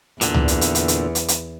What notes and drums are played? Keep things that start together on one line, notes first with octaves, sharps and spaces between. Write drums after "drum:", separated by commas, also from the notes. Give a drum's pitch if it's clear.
E2 A#2 D3, drum: hi-hat
drum: tom C#2
drum: hi-hat
drum: hi-hat
drum: hi-hat
drum: hi-hat
drum: hi-hat
drum: hi-hat